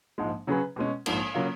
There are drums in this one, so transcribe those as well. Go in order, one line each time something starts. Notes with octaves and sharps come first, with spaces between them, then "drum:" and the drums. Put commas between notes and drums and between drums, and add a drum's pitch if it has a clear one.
A#1 G#2 F3 G#3
C#3 F#3 C#4 G#4 B4
B2 G#3 C#4
A#1 G#2 F3, drum: cymbal
C#3 F#3 A#3 F4